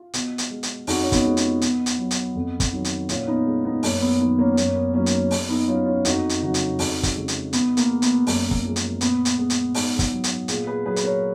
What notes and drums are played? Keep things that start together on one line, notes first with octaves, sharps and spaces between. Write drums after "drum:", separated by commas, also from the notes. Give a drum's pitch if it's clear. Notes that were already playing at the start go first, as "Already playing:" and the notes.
Already playing: F4
B2, drum: hi-hat
drum: hi-hat
G#3
drum: hi-hat
F2 D#4 F#4, drum: open hi-hat
C#4
B3 D#4, drum: kick, hi-hat
F3 G#3
B3, drum: hi-hat
B2, drum: hi-hat
drum: hi-hat
F#3
drum: hi-hat
F2
drum: kick, hi-hat
D#3 F#3
drum: hi-hat
A#2 C#4 F4, drum: hi-hat
B3 D#4
G#3
B3 D#4
F#2 A#3 C#4, drum: open hi-hat
B3
D#3 F#3 B3
A#3 C#4
B3
F#2 A#3 C#4, drum: hi-hat
B3
D#3 F#3 A#3 C#4
drum: hi-hat
B2, drum: open hi-hat
B3 D#4
F#3 C#4 F4
C#4 F4
F2 D#4 F#4, drum: hi-hat
drum: hi-hat
C#3 F#3 D#4 F#4
drum: hi-hat
F2, drum: open hi-hat
drum: kick, hi-hat
C#3 G#3
drum: hi-hat
B2 B3, drum: hi-hat
A#3, drum: hi-hat
G#3
B3, drum: hi-hat
F#2 A#3, drum: open hi-hat
drum: kick
F3 G#3
drum: hi-hat
A#2 B3, drum: hi-hat
drum: hi-hat
G#3 B3
drum: hi-hat
G#2, drum: open hi-hat
drum: kick, hi-hat
F#3
drum: hi-hat
A#2 F4 G#4, drum: hi-hat
G#4 B4
F#3 G#4 B4
B4, drum: hi-hat
A#4 C#5